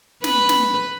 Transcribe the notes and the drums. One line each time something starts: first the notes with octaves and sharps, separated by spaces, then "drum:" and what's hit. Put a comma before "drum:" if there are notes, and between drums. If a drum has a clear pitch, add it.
B4, drum: snare
drum: snare